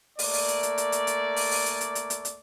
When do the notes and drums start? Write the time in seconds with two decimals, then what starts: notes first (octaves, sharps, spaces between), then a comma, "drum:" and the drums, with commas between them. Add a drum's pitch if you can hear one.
0.19 A3 A#3 D5, drum: open hi-hat
0.33 drum: open hi-hat
0.48 drum: hi-hat
0.63 drum: hi-hat
0.78 drum: hi-hat
0.92 drum: hi-hat
1.07 drum: hi-hat
1.36 drum: open hi-hat
1.51 drum: open hi-hat
1.66 drum: hi-hat
1.81 drum: hi-hat
1.95 drum: hi-hat
2.10 drum: hi-hat
2.25 drum: hi-hat